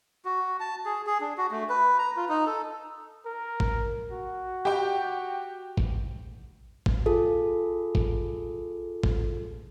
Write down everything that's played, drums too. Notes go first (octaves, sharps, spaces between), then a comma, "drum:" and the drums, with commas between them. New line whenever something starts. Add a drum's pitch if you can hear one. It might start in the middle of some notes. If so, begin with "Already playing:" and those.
F#4
A5
G#4
G#4
D4
F#4
A3
B4
A#5
F4
D#4
A4
A#4
drum: kick
F#4
G4 G5
drum: kick
drum: kick
F4 G#4 A4
drum: kick
drum: kick